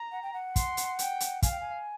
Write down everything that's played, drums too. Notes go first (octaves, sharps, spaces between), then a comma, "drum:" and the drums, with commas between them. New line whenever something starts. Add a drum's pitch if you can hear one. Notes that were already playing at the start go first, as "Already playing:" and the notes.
Already playing: A#5
F#5
G5
F#5
C6, drum: kick, hi-hat
drum: hi-hat
G5, drum: hi-hat
drum: hi-hat
F5 G#5, drum: kick, hi-hat
G5
G#5